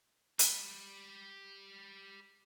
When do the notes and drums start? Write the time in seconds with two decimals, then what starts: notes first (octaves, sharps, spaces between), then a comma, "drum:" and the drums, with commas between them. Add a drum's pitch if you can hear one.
0.39 G4 B5, drum: hi-hat